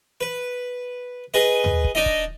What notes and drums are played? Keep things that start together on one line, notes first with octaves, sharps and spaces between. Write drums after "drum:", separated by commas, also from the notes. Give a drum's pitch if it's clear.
B4
G#4 B4 D#5
drum: tom
drum: kick
D4 D#4 D#5
drum: kick